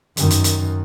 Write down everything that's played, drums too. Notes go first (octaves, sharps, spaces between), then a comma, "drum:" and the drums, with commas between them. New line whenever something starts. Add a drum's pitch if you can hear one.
F#2 D#3, drum: hi-hat
drum: hi-hat
drum: hi-hat